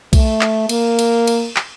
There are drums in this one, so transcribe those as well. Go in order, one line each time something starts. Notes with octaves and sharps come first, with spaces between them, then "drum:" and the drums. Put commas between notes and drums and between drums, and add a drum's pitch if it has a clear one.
A3, drum: kick, cymbal
drum: clap
A#3, drum: cymbal
drum: cymbal
drum: cymbal
drum: clap